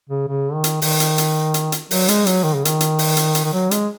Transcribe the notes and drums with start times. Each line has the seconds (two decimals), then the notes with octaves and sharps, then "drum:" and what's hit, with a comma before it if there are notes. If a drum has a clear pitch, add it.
0.10 C#3
0.28 C#3
0.54 D#3
0.64 drum: hi-hat
0.82 D#3, drum: open hi-hat
1.00 drum: hi-hat
1.18 drum: hi-hat
1.54 drum: hi-hat
1.72 drum: hi-hat
1.91 F#3, drum: open hi-hat
2.08 G#3, drum: hi-hat
2.27 F#3, drum: hi-hat
2.44 D#3
2.55 C#3
2.65 D#3, drum: hi-hat
2.81 drum: hi-hat
2.99 drum: open hi-hat
3.17 drum: hi-hat
3.35 drum: hi-hat
3.44 D#3
3.53 F#3
3.71 G#3, drum: hi-hat